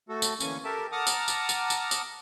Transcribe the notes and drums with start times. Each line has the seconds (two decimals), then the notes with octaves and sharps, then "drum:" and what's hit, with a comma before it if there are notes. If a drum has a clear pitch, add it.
0.09 A3 F#4 A4
0.22 drum: tambourine
0.40 D2 E3 A#3 C#4 G#5 C#6, drum: tambourine
0.64 G4 A4 A#4 E5 A5
0.92 F#5 A5 A#5 D6 D#6 F6
1.07 drum: tambourine
1.28 drum: tambourine
1.49 drum: tambourine
1.70 drum: tambourine
1.91 drum: tambourine